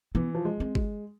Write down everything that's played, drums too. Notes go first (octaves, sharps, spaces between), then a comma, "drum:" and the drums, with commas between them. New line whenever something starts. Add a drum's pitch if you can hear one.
E3 B3
F3
G#3
C4
G#3, drum: kick G1